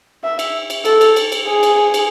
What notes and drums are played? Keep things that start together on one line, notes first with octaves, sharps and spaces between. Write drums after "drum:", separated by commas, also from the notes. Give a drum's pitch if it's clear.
E5
drum: cymbal
drum: cymbal
A4, drum: cymbal
drum: cymbal
drum: cymbal
drum: cymbal
G#4
drum: cymbal
drum: cymbal